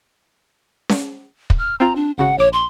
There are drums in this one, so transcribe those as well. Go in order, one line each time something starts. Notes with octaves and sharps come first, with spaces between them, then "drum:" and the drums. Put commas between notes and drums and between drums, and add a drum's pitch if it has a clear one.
drum: snare C#4
drum: kick
F6
C4 F4 A#5
D4
G#1 C#3 F#4 F#5
A#1 C#5 D6
C6